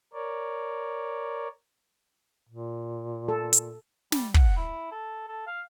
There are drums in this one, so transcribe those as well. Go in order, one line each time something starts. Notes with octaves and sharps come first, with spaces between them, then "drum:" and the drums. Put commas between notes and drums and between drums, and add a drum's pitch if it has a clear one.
A#4 C#5 D5
A#2
A4
drum: hi-hat
G3, drum: snare
F#5, drum: kick
E4
A4
A4
F5